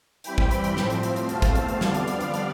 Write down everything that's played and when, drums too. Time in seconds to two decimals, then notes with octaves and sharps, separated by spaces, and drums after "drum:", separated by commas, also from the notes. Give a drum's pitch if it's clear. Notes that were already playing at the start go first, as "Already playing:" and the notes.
0.24 E3 G3 C4 G5 B5, drum: hi-hat
0.38 drum: kick
0.51 drum: hi-hat
0.64 drum: hi-hat
0.77 A2 F3 C4, drum: snare
0.90 drum: hi-hat
1.03 drum: hi-hat
1.16 drum: hi-hat
1.29 E2 B2 A3 C4 F5 A5, drum: hi-hat
1.42 drum: kick, hi-hat
1.55 drum: hi-hat
1.68 drum: hi-hat
1.81 F2 D3 G3 B3 D5 F5, drum: snare
1.95 drum: hi-hat
2.08 drum: hi-hat
2.21 drum: hi-hat
2.34 drum: hi-hat